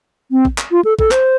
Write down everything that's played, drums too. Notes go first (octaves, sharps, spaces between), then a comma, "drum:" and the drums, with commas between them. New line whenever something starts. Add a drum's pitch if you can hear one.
C4
drum: kick A1
drum: clap
F4
A4
A4, drum: kick A1
C5, drum: clap